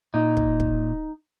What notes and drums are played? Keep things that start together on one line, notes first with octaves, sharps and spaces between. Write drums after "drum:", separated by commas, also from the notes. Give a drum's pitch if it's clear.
A#2 D#4
drum: kick
drum: kick